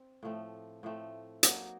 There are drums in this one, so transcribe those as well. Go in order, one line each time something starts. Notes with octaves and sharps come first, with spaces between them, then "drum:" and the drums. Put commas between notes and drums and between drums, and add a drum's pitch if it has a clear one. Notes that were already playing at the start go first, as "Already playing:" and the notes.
Already playing: C4
A2 F3 A3 C4
A2 F3 A3 C4
F#3 A#3 D#4, drum: hi-hat